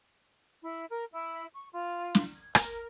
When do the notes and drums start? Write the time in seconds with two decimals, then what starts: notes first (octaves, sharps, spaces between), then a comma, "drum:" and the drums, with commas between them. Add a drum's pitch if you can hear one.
0.63 E4
0.90 A#4
1.12 E4
1.53 C#6
1.73 F4
2.15 drum: snare
2.35 G#6
2.55 A#4, drum: rim click